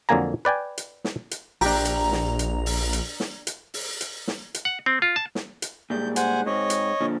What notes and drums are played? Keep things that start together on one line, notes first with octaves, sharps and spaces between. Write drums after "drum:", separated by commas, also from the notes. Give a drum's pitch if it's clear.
F2 D3 F#3 A#3 G#5 A#5
B4 D5 G5 G#5
drum: hi-hat
drum: snare
drum: hi-hat
A#1 D4 G4 A#5, drum: open hi-hat
drum: hi-hat
drum: snare
drum: hi-hat
drum: open hi-hat
drum: hi-hat
drum: snare
drum: hi-hat
drum: open hi-hat
drum: hi-hat
drum: snare
drum: hi-hat
F#5
C4
F4
A5
drum: snare
drum: hi-hat
A#2 G3 G#3 G6
C5 F#5 G#5, drum: hi-hat
G#2 C4 C#5 D#5
drum: hi-hat
A#2 D3 F3